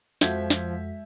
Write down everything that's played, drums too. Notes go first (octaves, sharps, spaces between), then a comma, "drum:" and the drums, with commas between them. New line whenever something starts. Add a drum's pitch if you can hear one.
F2 F3 G#3 F#4 E5 G6 G#6 B6, drum: snare
drum: snare